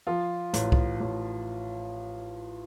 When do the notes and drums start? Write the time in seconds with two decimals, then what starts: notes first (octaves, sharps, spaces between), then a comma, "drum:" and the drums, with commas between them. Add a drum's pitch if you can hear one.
0.07 F3 F4
0.54 A1, drum: hi-hat
0.72 drum: kick C2
1.01 A1